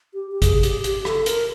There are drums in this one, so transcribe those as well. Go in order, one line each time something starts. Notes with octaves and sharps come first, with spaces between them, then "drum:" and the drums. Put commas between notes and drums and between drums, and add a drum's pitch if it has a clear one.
G4
G4
G#4, drum: kick G#1, hi-hat
G4, drum: hi-hat
G4, drum: hi-hat
A4, drum: rim click
A#4, drum: hi-hat